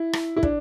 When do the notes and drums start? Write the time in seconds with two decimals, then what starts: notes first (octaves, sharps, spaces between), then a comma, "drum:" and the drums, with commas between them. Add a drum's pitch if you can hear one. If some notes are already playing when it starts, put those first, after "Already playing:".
Already playing: E4
0.13 drum: rim click
0.36 E4
0.43 D4, drum: kick